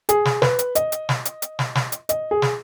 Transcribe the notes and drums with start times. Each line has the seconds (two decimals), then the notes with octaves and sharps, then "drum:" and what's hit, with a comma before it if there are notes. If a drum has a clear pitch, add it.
0.09 G#4, drum: hi-hat
0.25 drum: snare
0.42 B4, drum: snare
0.59 drum: hi-hat
0.75 D#5, drum: hi-hat
0.92 drum: hi-hat
1.09 drum: snare
1.25 drum: hi-hat
1.42 drum: hi-hat
1.59 drum: snare
1.75 drum: snare
1.92 drum: hi-hat
2.09 D#5, drum: hi-hat
2.31 G#4
2.42 drum: snare